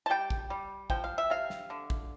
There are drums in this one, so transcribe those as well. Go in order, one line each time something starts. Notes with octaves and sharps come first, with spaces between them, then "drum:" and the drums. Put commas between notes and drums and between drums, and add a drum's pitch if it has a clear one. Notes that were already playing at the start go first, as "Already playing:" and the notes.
A5
G3 G5
drum: kick
G3
F3 G5, drum: kick
F5
E5
C3 F5
drum: snare
D3
drum: kick